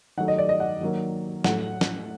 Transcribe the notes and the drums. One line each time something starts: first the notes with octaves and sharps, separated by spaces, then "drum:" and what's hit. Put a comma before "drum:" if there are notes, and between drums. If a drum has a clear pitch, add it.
D#3 F#3 A3 F#5
D#5
D5
D#5
F#5
D#3 F#3 A#3
A2 F#3 A3 F#5, drum: snare
drum: snare